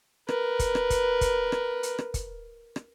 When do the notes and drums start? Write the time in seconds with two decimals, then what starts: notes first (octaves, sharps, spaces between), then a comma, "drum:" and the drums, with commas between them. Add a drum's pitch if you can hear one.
0.29 A#4 B4, drum: rim click
0.59 drum: kick, hi-hat
0.75 drum: rim click
0.90 drum: kick, hi-hat
1.21 drum: kick, hi-hat
1.52 drum: rim click
1.83 drum: hi-hat
1.98 drum: rim click
2.14 drum: kick, hi-hat
2.76 drum: rim click